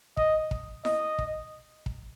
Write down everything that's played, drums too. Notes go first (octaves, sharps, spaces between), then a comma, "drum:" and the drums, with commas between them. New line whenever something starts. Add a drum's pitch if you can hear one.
D#5, drum: kick
drum: kick
D#5, drum: snare E4
drum: kick
drum: kick